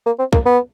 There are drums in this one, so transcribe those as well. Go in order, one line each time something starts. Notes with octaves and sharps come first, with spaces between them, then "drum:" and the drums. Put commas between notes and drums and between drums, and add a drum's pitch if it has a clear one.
A#3
C4
A#3, drum: kick
B3